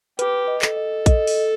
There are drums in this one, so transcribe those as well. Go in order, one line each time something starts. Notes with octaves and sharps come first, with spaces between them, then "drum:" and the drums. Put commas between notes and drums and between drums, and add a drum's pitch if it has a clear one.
G4 B4, drum: hi-hat
D#5
A4, drum: clap
D#5
D#5, drum: kick, hi-hat
drum: open hi-hat